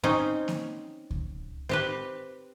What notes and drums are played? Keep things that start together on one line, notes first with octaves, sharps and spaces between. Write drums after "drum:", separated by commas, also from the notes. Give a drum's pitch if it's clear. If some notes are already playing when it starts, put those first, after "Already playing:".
C4 C#4 D#4
drum: snare A#3
drum: kick C#2
C4 G4 B4